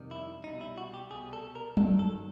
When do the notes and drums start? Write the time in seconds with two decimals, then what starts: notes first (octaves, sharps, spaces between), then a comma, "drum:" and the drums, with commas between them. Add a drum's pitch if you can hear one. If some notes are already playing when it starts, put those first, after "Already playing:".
Already playing: F2 C3 D#3 G3
0.11 E4
0.44 C2 B2 G3 D#4
0.61 E4
0.78 F#4
0.94 G4
1.11 C2 B2 G3 G#4
1.33 A4
1.55 A#4
1.77 G2 D#3 F#3 A4, drum: tom F#3
1.99 A4